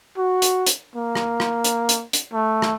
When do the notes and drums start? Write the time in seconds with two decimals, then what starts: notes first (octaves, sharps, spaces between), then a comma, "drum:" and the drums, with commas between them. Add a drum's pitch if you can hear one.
0.18 F#4
0.42 drum: hi-hat
0.66 drum: hi-hat
0.95 A#3
1.15 drum: rim click
1.40 drum: rim click
1.64 drum: hi-hat
1.89 drum: hi-hat
2.13 drum: hi-hat
2.33 A3
2.62 drum: rim click